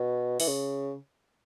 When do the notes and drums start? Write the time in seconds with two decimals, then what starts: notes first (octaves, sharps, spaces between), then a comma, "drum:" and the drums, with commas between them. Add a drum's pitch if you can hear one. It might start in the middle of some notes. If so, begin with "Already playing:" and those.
Already playing: B2
0.40 E3, drum: open hi-hat
0.47 C#3